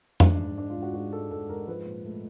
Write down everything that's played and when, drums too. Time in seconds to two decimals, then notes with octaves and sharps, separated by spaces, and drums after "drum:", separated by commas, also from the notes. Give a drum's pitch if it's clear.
0.20 G#2 D4, drum: tom F2
0.39 G#2
0.58 G#2 D4
0.70 F4
0.76 G#2
0.83 F#4
0.94 G#2 F#4
1.12 G#3 A4
1.31 G#2 A4
1.49 G#2 A#4
1.68 F3 B4
1.86 A#2
2.05 A3